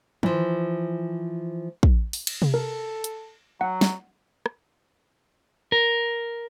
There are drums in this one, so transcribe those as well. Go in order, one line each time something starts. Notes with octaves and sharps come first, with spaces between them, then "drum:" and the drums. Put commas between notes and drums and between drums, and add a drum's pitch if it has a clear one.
E3 F3, drum: tom D#3
drum: kick
drum: open hi-hat
drum: cymbal
drum: tom C3
A4 A#4
drum: hi-hat
F#3 F#5
drum: snare
drum: rim click
A#4